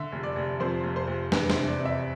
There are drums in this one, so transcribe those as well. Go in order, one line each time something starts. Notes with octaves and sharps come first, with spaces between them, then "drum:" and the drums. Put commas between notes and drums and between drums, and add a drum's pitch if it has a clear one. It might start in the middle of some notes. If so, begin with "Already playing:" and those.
Already playing: D3 E5
F1
D5
F1
F2 C5
F1
C5
F1
E2 B4, drum: snare
C5, drum: snare
C3
D5
C3
E5